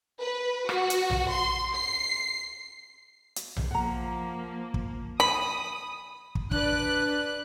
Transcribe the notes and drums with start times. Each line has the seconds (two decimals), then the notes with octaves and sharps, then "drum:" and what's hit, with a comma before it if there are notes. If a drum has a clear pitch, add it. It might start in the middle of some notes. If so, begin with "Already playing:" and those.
0.20 B4
0.69 F#4, drum: rim click
0.90 drum: hi-hat
1.10 drum: tom A#1
1.29 C6
1.75 C7
3.36 drum: hi-hat
3.56 drum: tom A#1
3.71 F3 A#3 F#5 A#5
4.74 drum: kick
5.20 G#5 B5 D#6
6.35 drum: kick
6.52 D4 B4 D5 F#6, drum: kick